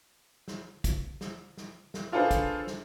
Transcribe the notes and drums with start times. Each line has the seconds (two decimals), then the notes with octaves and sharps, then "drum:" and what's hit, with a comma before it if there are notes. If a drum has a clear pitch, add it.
0.48 drum: snare
0.84 drum: kick, hi-hat
1.21 drum: snare
1.57 drum: snare
1.94 drum: snare
2.12 D4 F4 G#4 A4 B4 C5
2.31 drum: kick, hi-hat
2.67 drum: snare